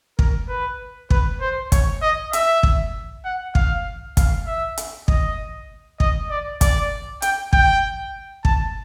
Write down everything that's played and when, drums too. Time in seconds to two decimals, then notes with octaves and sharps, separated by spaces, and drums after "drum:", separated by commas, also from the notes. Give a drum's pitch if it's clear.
0.19 A#4, drum: kick
0.49 B4
1.10 B4, drum: kick
1.41 C5
1.72 C#5, drum: kick, hi-hat
2.02 D#5
2.33 E5, drum: hi-hat
2.63 drum: kick
3.25 F#5
3.55 F5, drum: kick
4.17 F5, drum: kick, hi-hat
4.47 E5
4.78 drum: hi-hat
5.08 D#5, drum: kick
6.00 D#5, drum: kick
6.30 D5
6.61 D5, drum: kick, hi-hat
7.22 G5, drum: hi-hat
7.53 G5, drum: kick
8.45 A5, drum: kick